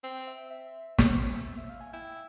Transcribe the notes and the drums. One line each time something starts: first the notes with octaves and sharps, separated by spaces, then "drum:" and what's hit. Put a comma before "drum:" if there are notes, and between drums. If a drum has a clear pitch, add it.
C4 G5
E5
E5
C#4 C#5, drum: snare
C5
C#5
E5
E5
E5
F5
G#5
E4 G5